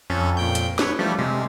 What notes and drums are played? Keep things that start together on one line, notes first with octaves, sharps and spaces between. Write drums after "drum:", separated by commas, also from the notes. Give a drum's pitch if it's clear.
F2 C#4 A4
A#2 G5 G6
drum: hi-hat
B4 C#5, drum: snare
F3 G3 A3
C3 G#3